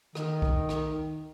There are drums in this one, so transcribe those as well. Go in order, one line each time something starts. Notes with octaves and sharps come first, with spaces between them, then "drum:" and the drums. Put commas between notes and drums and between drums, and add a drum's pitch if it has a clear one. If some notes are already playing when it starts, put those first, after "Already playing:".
D#3, drum: rim click
drum: kick
drum: rim click